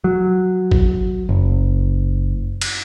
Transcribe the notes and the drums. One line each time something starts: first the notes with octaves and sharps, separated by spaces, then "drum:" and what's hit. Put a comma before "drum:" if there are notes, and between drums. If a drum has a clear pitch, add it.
F#3
drum: kick
F#1
drum: cymbal